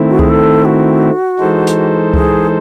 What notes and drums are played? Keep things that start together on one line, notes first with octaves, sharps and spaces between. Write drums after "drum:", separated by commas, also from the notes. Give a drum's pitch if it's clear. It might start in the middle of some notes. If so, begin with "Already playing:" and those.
Already playing: D#3 A3 C4 E4
F#4
G#4, drum: kick C#2
A4
F#4
E3 G#3 D#4 A4 C5
drum: hi-hat
G#4, drum: kick C#2